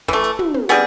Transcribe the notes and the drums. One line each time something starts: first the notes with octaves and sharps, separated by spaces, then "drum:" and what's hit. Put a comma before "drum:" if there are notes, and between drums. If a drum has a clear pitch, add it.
E3 A3, drum: snare
drum: hi-hat
drum: tom
drum: tom
G3 B3 G#4, drum: hi-hat